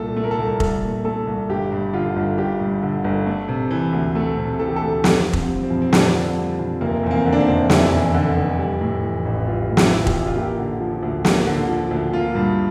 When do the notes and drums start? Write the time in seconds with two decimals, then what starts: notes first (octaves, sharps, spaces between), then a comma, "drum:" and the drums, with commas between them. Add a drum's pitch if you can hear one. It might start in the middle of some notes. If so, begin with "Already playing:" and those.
Already playing: C2 A#2 A4
0.17 A3
0.24 A#4
0.31 A4
0.38 C2 A#4
0.60 C2 A4, drum: kick F1
0.82 A#2
1.05 A3 A4
1.27 C2
1.49 G1 G4
1.72 G2
1.93 D3 F4
2.16 G1
2.38 G1 G4
2.60 G2
2.82 D3
3.04 G1
3.26 A3
3.48 C3
3.71 E3
3.93 D2
4.15 A3 A4
4.38 C3
4.59 E3 A4
4.67 G4
4.76 A4
4.82 D2
5.04 F2, drum: snare
5.26 D3
5.33 C4, drum: kick F1
5.48 G3
5.63 C4
5.70 F2
5.82 C4
5.93 F2 D4, drum: snare
6.14 D3
6.37 G3
6.59 F2
6.81 F1 A#3
7.03 E2 C4
7.11 A#3
7.26 D3
7.32 D4
7.41 C4
7.48 F1
7.70 F1 E4, drum: snare
7.92 E2
8.14 D3
8.36 F1
8.59 G3
8.81 A2
9.03 E3
9.25 A1
9.47 G3 F4
9.69 A2
9.77 E4, drum: snare
9.85 F4
9.92 E3 E4
10.07 G4, drum: kick F1
10.13 A1
10.26 F4
10.36 A#3 G4
10.58 D3
10.80 F3
11.03 D2
11.25 A#3, drum: snare
11.46 D3
11.69 F3
11.91 D2
12.13 A#3 F4
12.35 G2